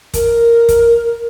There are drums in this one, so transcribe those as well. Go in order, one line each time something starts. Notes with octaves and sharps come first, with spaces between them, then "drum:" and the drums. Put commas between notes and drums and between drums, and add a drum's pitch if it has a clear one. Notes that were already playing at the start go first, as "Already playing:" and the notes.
A#4, drum: kick, hi-hat
drum: kick, hi-hat